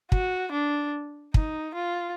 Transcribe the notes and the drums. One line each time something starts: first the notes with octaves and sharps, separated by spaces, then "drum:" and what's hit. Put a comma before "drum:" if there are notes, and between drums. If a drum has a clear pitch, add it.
F#4, drum: kick
D4
D#4, drum: kick
F4